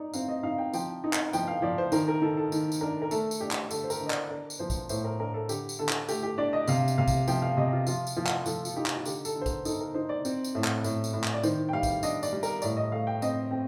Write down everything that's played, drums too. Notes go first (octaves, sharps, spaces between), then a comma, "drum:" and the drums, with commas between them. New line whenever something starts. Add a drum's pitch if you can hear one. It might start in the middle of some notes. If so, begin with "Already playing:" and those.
Already playing: D#4 D5
C4 F5, drum: tambourine
D#5
D#4 F5
G5
F3 G5, drum: tambourine
D#4
drum: clap
F3 G5, drum: tambourine
F5
F3 D5
C5
D#3 A#4, drum: tambourine
A#4
D#3 A4
A4
D#3, drum: tambourine
drum: tambourine
D4 A#4
A#4
A3 A4, drum: tambourine
drum: tambourine
D4 G4
drum: clap
D3 A4, drum: tambourine
C5
A#4, drum: tambourine
D3
D#5
D5, drum: clap
D4 A#4
drum: tambourine
F3 C5
drum: kick A#1, tambourine
A2 C5, drum: tambourine
A#4
D4 A#4
A4
D3 G4, drum: tambourine
drum: tambourine
D3 A4
drum: clap
A3 G4, drum: tambourine
G4
D4 D5
D#5
C3 F5, drum: tambourine
drum: tambourine
C3 F5
drum: kick A#1, tambourine
F3 G5, drum: tambourine
F5
C3 D#5
F4
F3 F4, drum: tambourine
drum: tambourine
F3 F4
drum: clap
F3 A4, drum: tambourine
F4, drum: tambourine
D#4 G4
drum: clap
F4
D3 G4, drum: tambourine
A4, drum: tambourine
D3
C5
A#4, drum: kick A#1, tambourine
D#4 A4, drum: tambourine
A#4
D#4 C5
D5
C4, drum: tambourine
drum: tambourine
A2
drum: clap
A2, drum: tambourine
drum: tambourine
A2
drum: clap
D5
D#3 C5, drum: tambourine
G5
G3 F5
drum: kick A#1, tambourine
D4 D#5, drum: tambourine
D5, drum: tambourine
G3
A#4, drum: tambourine
A2 D5, drum: tambourine
D#5
A3 F5
G5
C4 D#5, drum: tambourine
C4 G5